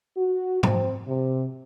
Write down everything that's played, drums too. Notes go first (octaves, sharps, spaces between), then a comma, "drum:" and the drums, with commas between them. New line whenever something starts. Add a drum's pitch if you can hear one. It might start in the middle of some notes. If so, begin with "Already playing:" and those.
F#4
C4, drum: tom G#2
C3